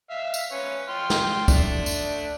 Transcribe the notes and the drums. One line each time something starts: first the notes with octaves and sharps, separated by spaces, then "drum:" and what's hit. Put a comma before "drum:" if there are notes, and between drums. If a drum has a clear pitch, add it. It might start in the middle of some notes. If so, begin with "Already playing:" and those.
E5 F5
drum: tambourine
C#4 B4 C#5
G5 C6 F6
drum: snare
A3 D4, drum: kick, tambourine
drum: tambourine